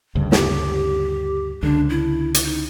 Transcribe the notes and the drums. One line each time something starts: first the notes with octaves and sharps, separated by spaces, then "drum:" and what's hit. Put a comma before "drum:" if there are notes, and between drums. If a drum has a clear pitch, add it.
D2 G2 C#3
G4, drum: snare
C#2 D3 D4
E4
drum: hi-hat
D#4